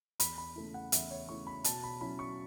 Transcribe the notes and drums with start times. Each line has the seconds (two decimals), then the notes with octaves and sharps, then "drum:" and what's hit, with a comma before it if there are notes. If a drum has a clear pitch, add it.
0.20 E2 B5, drum: hi-hat
0.38 B5
0.56 C#3 A3 E4
0.74 F#5
0.92 E2 E5, drum: hi-hat
1.11 C#5
1.29 C#3 A3 E4 C#6
1.47 B5
1.64 B2 A5, drum: hi-hat
1.83 B5
2.01 F#3 C#4 E4 B5
2.19 C#6